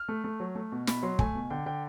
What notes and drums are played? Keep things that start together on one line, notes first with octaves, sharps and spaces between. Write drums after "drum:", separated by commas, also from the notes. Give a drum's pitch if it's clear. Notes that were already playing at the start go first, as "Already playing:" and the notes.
Already playing: F6
A3
A3
F#3
A3
B2
B2 B5, drum: snare
F#3 C6
A3 G#5, drum: kick
B2
D3 G5
D3 G5